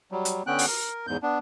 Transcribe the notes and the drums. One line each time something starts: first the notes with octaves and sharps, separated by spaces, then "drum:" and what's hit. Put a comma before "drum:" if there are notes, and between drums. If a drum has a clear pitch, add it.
F#3 G3
drum: hi-hat
D3 B3 C#4 G5 F#6
drum: open hi-hat
A#4
E2 G#2 G6
B3 D4